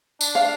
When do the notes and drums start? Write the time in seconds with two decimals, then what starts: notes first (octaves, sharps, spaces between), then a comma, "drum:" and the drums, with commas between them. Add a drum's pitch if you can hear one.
0.21 D4, drum: tambourine
0.35 F5